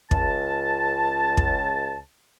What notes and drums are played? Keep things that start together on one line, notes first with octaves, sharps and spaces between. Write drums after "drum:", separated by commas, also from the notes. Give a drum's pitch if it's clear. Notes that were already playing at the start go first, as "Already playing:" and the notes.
C#2 A5, drum: kick
drum: kick